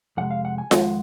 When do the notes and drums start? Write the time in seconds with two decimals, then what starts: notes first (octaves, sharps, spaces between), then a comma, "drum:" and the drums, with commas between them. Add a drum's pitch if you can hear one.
0.17 F2 C3 G#3 F#5
0.31 F5
0.45 F#5
0.58 G#5
0.71 F2 D#3 G#3 F#5, drum: snare F4